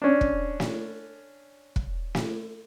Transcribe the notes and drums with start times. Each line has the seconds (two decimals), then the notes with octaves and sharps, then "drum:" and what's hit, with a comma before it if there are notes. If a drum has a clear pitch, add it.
0.02 C#4 D4
0.21 drum: kick
0.60 drum: snare
1.76 drum: kick
2.15 drum: snare